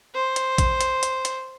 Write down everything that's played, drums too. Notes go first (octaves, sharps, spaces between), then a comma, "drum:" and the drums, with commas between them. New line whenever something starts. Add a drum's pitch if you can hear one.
C5
drum: hi-hat
drum: kick, hi-hat
drum: hi-hat
drum: hi-hat
drum: hi-hat